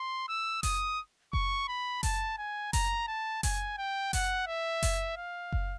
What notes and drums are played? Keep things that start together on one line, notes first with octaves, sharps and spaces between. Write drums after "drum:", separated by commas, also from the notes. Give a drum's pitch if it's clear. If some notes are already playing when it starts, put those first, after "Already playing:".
Already playing: C6
E6
D#6, drum: kick F#1, open hi-hat
C#6, drum: kick F#1
B5
A5, drum: kick F#1, open hi-hat
G#5
A#5, drum: kick F#1, open hi-hat
A5
G#5, drum: kick F#1, open hi-hat
G5
F#5, drum: kick F#1, open hi-hat
E5
drum: kick F#1, open hi-hat
F5
drum: kick F#1